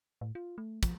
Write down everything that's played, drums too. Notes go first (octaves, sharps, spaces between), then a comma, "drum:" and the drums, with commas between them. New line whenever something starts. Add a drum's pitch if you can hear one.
A2
F4
A3
F3, drum: kick, hi-hat